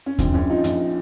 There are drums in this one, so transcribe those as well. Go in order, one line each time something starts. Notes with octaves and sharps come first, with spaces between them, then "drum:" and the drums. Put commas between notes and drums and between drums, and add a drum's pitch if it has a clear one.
C#4
A#1 C4, drum: kick D#2, hi-hat
A#1 C#4
F3 D#4
A#1, drum: hi-hat